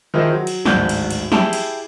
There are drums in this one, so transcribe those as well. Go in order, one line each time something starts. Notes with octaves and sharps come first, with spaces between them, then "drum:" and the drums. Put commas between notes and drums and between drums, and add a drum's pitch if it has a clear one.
D#3 F3 D#4 E4 G#4 C5
F#3
drum: cymbal
D1 G#1 D5 G6, drum: snare
drum: cymbal
drum: cymbal
E4 G4 G#4 G5 A5, drum: snare
drum: cymbal